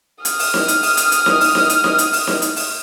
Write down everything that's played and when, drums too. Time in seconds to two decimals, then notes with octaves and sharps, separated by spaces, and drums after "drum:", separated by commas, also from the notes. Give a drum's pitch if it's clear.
0.25 D#6 F6, drum: hi-hat
0.39 drum: open hi-hat
0.54 drum: snare D#4
0.68 drum: hi-hat
0.83 drum: open hi-hat
0.97 drum: hi-hat
1.12 drum: hi-hat
1.26 drum: snare D#4
1.41 drum: open hi-hat
1.55 drum: snare D#4
1.69 drum: hi-hat
1.84 drum: snare D#4
1.98 drum: hi-hat
2.13 drum: open hi-hat
2.27 drum: snare D#4
2.42 drum: hi-hat
2.56 drum: open hi-hat